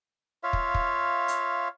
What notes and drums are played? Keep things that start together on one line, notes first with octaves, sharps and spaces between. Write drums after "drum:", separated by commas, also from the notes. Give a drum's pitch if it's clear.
F4 C#5 E5 F5
drum: kick
drum: kick
drum: hi-hat